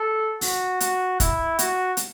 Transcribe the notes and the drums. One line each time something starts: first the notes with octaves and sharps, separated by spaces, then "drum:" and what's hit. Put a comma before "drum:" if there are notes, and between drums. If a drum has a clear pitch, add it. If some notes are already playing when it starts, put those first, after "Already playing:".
Already playing: A4
F#4, drum: open hi-hat
F#4, drum: hi-hat
E4, drum: kick, hi-hat
F#4, drum: hi-hat
drum: hi-hat